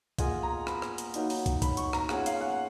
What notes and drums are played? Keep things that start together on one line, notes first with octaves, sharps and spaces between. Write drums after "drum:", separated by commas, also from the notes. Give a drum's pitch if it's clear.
A#3 F4 G#4 D#5 F#5, drum: kick, hi-hat
A#5
B5, drum: rim click
drum: rim click
drum: hi-hat
F#3 A#3 D#4 F#4, drum: hi-hat
drum: open hi-hat
drum: kick, hi-hat
B5, drum: kick, hi-hat
C#6, drum: hi-hat
A#5, drum: rim click
C#4 F4 G#4 F#5, drum: rim click
F5, drum: hi-hat
F#5